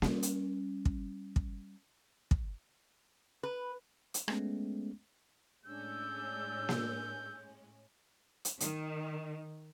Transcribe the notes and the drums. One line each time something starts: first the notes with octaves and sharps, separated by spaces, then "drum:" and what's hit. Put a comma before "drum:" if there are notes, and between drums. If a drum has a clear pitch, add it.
G3 C#4, drum: snare A#3
drum: hi-hat
drum: kick
drum: kick
drum: kick
B4
drum: hi-hat
G#3 A3 B3 C#4, drum: rim click
A2 G#3 C#4 D4 E6 G6
drum: snare A#3
drum: hi-hat
D#3, drum: hi-hat